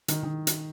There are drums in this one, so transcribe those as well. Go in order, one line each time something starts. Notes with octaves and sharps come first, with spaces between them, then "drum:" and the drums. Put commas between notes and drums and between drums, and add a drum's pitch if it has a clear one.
D#3, drum: hi-hat
D#3
drum: hi-hat